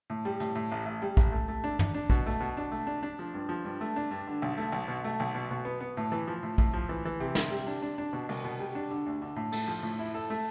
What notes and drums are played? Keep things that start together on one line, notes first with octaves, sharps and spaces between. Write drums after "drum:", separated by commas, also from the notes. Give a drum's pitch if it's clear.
A2
G3
A2, drum: hi-hat
A2
A1
A1
G3
A1, drum: kick
A3
A3
D4
D4, drum: tom
D4
B2, drum: kick
A3
B2
D4
A3
D4
D4
F3
G2
F3
G2
A3
D4
G2
D3
B1
A3
B1
B2
A3
B1
B2
B2
B3
B3
A2
E3
F3
A2
A2, drum: kick
F3
E3
E3
C3
C3, drum: snare
G3
D4
D4
D4
B2
C2, drum: open hi-hat
B2
G3
D4
D3
D2
D3
A2
A3, drum: cymbal
F3
A2
E4
A4
A3